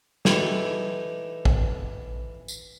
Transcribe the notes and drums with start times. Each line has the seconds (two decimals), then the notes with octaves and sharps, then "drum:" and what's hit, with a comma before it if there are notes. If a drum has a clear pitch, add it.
0.25 E3 D#4 G4 A4, drum: snare
1.45 drum: kick
2.48 drum: tambourine